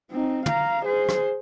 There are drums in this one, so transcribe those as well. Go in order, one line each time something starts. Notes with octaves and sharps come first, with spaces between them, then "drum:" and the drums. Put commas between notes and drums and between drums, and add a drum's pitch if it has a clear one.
C4 D#4
F5 A#5, drum: tom
G#4 C5
drum: rim click